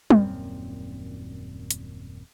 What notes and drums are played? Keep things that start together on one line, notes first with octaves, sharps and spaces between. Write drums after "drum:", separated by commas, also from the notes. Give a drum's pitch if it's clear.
D#1 F#2 A#2 C4, drum: tom G3
drum: hi-hat